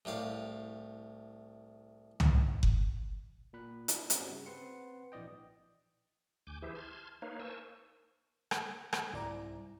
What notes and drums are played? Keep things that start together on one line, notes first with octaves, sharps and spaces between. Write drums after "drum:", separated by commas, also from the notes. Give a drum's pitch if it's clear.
C2 A2 G4 F5
drum: tom C2
drum: kick F#1
A#2 B5 F#6
D4 E4, drum: hi-hat
G2 G3 C4 C#4 F#4, drum: hi-hat
C#3
C4 B4 F#5 C6 C#7
A#1 E3 D5 D#5 G5
D2 G#5 D6 G6
E3 E4 G4 G#4 C5 E5
A5 C6 F6 G#6
A#3 D#4 B4 C#5 F5
A#4 C5 G#5 A5 C#6 E6
drum: rim click
drum: rim click
C2 G#2 C3 E4 D5 A#5